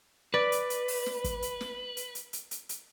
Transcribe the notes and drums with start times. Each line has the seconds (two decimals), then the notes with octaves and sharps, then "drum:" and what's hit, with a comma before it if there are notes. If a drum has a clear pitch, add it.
0.34 B4 D5
0.52 drum: hi-hat
0.70 drum: hi-hat
0.88 drum: open hi-hat
1.06 drum: snare
1.24 drum: kick, hi-hat
1.42 drum: hi-hat
1.61 drum: snare
1.97 drum: hi-hat
2.15 drum: hi-hat
2.33 drum: hi-hat
2.51 drum: hi-hat
2.69 drum: hi-hat